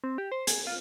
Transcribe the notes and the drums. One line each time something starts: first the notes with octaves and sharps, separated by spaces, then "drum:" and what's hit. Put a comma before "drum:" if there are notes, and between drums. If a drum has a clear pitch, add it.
C4
G4
C5
G#4, drum: hi-hat
F4